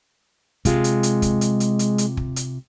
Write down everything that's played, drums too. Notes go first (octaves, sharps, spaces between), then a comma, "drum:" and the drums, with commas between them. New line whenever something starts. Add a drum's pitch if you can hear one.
C3 G#3 F4, drum: kick, hi-hat
drum: hi-hat
drum: hi-hat
drum: kick, hi-hat
drum: hi-hat
drum: hi-hat
drum: hi-hat
drum: hi-hat
drum: kick
drum: hi-hat